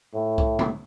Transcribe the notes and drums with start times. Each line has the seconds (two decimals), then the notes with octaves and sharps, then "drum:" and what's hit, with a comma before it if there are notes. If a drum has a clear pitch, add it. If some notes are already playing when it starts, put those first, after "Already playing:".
0.14 A2
0.38 drum: kick C2
0.59 drum: tom C3